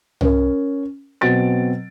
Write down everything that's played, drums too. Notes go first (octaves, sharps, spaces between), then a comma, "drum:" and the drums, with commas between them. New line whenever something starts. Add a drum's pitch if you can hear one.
C#4 A#4, drum: tom C2
B2 F#3 C4 A6 D7